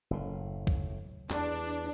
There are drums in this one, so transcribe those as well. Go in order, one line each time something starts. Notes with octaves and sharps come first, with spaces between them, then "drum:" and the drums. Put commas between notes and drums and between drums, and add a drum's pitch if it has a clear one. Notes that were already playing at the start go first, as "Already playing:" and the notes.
F#1 A2
drum: kick
E2 D4, drum: clap